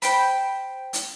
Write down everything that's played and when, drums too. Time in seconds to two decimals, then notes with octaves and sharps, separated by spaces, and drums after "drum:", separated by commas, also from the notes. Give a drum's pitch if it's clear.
0.02 C5 G5 B5, drum: hi-hat
0.93 drum: hi-hat